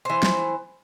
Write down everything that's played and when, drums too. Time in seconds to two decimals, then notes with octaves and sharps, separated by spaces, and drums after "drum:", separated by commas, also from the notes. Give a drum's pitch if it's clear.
0.05 E3 C5
0.23 drum: snare